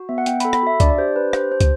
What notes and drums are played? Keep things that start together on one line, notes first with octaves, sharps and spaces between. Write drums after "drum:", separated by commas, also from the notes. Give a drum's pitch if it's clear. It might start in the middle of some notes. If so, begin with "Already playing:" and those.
Already playing: F#4
B3 E5
F#5
B3 G5, drum: hi-hat
B5, drum: hi-hat
A4
B5, drum: rim click
F#4 E5
D4 D5, drum: kick, hi-hat
D5
G4 C5
D4 B4
G4 C5, drum: rim click
D4 C5
drum: kick, hi-hat